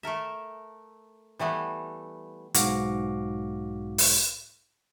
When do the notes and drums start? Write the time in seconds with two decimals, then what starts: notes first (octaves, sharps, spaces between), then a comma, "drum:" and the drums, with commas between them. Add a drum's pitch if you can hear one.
0.03 A3 A4 A#4 E5
1.39 E3 G3 A3 B3
2.54 B1 G#2 F#4 F5 D6 A#6, drum: hi-hat
3.98 drum: open hi-hat